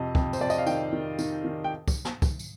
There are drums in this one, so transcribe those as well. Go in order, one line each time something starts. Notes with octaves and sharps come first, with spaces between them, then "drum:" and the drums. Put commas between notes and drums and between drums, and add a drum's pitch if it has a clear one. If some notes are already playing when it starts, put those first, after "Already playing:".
Already playing: F2 C3 D#5
F2, drum: kick
C5, drum: tambourine
F2 D5
D#5, drum: tambourine
F5
D#3 G5, drum: tambourine
D#3
D#3, drum: tambourine
D#3
G5
drum: kick, tambourine
drum: snare
drum: kick, tambourine
drum: tambourine